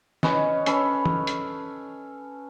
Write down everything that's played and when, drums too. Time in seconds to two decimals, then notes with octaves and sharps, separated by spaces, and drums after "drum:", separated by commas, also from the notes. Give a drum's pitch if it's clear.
0.23 C#4 B4 C#5 D#5, drum: snare
0.66 C#4 A4 B4 B5, drum: hi-hat
1.06 drum: tom
1.27 drum: hi-hat